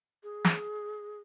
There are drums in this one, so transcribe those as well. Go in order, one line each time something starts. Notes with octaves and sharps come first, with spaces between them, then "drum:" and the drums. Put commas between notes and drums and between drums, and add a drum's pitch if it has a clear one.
G#4
drum: snare